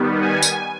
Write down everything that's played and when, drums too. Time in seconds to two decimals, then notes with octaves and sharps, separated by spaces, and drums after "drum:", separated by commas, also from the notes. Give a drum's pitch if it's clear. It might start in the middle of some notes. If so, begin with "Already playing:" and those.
Already playing: D#3 G3 B3
0.21 G#5
0.42 drum: tambourine